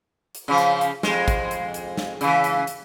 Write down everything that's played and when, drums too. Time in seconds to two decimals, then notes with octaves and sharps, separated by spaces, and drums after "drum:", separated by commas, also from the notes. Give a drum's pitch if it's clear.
0.35 drum: hi-hat
0.48 C#3 F3
0.58 drum: hi-hat
0.81 drum: hi-hat
1.03 F2 G#3, drum: snare
1.28 drum: kick G#1, hi-hat
1.51 drum: hi-hat
1.74 drum: hi-hat
1.98 drum: snare
2.21 C#3 E3, drum: hi-hat
2.44 drum: hi-hat
2.67 drum: hi-hat